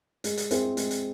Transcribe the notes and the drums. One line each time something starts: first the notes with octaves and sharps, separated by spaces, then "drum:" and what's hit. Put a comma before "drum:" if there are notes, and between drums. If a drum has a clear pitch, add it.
G#3, drum: hi-hat
drum: hi-hat
C4 E4 G#4 C5, drum: hi-hat
G#3, drum: hi-hat
drum: hi-hat